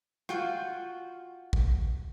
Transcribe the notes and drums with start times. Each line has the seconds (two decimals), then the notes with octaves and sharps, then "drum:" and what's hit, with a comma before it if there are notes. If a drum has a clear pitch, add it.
0.29 F4 F#4 G5, drum: rim click
1.53 drum: kick